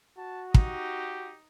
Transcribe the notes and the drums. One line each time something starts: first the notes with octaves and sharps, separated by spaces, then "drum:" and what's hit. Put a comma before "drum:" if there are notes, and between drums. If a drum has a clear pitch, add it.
F#4 A5
D#4 G4, drum: kick